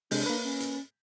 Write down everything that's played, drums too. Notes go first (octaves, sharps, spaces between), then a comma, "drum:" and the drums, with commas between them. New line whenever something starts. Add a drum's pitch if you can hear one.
C3 G#3 D4 G6, drum: open hi-hat
A#3 B4
C#4
drum: hi-hat